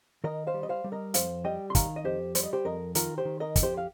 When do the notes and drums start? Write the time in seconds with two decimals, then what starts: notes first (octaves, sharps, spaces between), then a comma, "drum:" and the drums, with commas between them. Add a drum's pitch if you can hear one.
0.24 D#3 A#4 D#5
0.47 C5 F5
0.54 G3
0.63 D#5
0.69 C5 F5
0.84 G3
0.92 A#4 D#5
1.14 F2 C5 F5, drum: hi-hat
1.44 G3 D#5 G5
1.70 C6
1.75 D#3 F5 A#5, drum: kick, hi-hat
1.96 D#5
2.04 F2 G4 C5
2.35 G3 C5, drum: hi-hat
2.43 D#5
2.53 G4 C5
2.65 F2 A#4 D#5
2.95 D#3 F4 A#4, drum: hi-hat
3.18 G4 C5
3.25 D#3
3.40 A#4 D#5
3.56 F2, drum: kick, hi-hat
3.63 G4 C5
3.77 F5